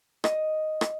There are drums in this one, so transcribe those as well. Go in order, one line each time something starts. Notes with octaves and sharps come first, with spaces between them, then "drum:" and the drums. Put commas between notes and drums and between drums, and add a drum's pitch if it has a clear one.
D#5, drum: rim click
drum: rim click